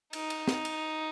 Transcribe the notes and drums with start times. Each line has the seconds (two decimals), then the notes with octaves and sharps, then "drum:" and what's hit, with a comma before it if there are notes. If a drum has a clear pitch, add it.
0.13 D#4, drum: cymbal
0.30 drum: cymbal
0.48 drum: snare
0.65 drum: cymbal